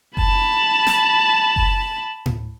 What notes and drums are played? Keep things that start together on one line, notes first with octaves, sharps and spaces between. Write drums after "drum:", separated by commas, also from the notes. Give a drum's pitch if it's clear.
A5 B5, drum: kick F#1
drum: snare
drum: kick F#1
drum: tom A2